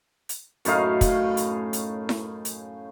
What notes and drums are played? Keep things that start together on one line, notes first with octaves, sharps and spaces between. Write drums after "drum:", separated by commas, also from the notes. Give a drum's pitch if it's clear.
drum: hi-hat
F#2 A2 D#4 F5, drum: hi-hat
drum: kick, hi-hat
drum: hi-hat
drum: hi-hat
drum: snare E4
drum: hi-hat